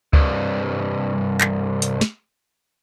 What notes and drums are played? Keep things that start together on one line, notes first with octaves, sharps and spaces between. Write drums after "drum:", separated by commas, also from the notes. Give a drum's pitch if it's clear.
C2 G2, drum: kick C#2
drum: clap
drum: hi-hat
drum: snare